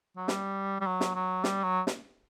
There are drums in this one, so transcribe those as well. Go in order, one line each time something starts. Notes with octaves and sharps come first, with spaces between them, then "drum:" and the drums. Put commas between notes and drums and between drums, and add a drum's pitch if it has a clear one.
F#3
G3, drum: snare
G3
F#3
drum: snare
F#3
G3, drum: snare
F#3
drum: snare